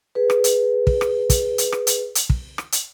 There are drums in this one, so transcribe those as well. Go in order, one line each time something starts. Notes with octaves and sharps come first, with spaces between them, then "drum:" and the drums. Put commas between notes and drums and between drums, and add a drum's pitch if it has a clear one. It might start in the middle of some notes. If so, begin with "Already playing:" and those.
G#4 B4
drum: rim click
drum: hi-hat
drum: kick
drum: rim click
drum: kick, hi-hat
drum: hi-hat
drum: rim click
drum: hi-hat
drum: hi-hat
drum: kick
drum: rim click
drum: hi-hat